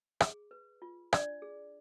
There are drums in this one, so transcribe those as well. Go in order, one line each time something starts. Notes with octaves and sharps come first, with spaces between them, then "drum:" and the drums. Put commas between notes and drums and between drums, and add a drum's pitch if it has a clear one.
G#4, drum: rim click
B4
F4
D4 D5, drum: rim click
G#4